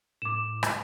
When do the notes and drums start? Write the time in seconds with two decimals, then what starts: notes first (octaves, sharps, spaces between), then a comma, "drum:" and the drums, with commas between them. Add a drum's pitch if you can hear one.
0.22 A2 D6 E7
0.63 drum: rim click